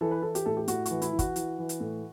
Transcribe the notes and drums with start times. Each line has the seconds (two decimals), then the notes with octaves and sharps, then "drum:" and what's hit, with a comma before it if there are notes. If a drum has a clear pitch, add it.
0.01 E3 A4
0.11 B4
0.22 E3 A4
0.35 G4, drum: hi-hat
0.46 A2 A4
0.57 G4
0.68 A2 F#4, drum: hi-hat
0.86 E3 F#4, drum: hi-hat
1.02 E4, drum: hi-hat
1.13 E3
1.19 F#4, drum: kick, hi-hat
1.36 E3, drum: hi-hat
1.59 E3
1.69 drum: hi-hat
1.80 A2